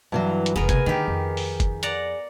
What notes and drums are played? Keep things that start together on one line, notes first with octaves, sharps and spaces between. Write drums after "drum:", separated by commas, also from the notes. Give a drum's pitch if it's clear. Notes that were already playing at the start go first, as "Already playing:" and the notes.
G2 E3 F#3
drum: hi-hat
F1 E3 B3 G#4 A#4
C3 G#5, drum: kick F#1, hi-hat
D3 D#3 G4
F2
drum: open hi-hat
drum: kick F#1, hi-hat
D5 F#5 A#5, drum: hi-hat